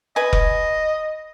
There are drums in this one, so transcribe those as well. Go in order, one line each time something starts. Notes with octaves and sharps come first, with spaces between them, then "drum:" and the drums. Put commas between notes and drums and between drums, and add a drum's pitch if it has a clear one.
B4 D#5 G#5
drum: kick F1